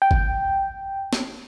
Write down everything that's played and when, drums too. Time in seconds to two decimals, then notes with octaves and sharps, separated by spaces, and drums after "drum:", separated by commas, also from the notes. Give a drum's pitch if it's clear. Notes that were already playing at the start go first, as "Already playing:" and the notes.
0.02 G5
0.11 drum: kick
1.13 drum: snare